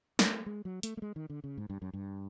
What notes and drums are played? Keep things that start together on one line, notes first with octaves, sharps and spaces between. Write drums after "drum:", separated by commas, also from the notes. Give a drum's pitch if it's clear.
A3, drum: snare
G#3
F#3
A3, drum: hi-hat
A3
G#3
D#3
D3
C#3
G#2
G2
F#2
G2